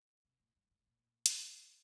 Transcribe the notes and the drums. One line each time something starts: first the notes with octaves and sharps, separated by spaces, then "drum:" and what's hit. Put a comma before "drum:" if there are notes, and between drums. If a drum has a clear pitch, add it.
C3
A#2
G2
A2
A#2
drum: hi-hat